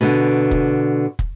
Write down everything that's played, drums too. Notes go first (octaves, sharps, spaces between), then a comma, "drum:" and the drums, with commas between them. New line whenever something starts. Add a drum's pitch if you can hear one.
B2 D3
drum: kick
drum: kick